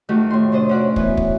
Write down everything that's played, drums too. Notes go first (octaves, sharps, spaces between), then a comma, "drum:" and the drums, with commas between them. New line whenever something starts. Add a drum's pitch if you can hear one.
F2 D#3 A3 F#4 G4
A2 C6
C3 D4 C5 D#5
C#4 F#4 D5
E3 B3, drum: kick
drum: kick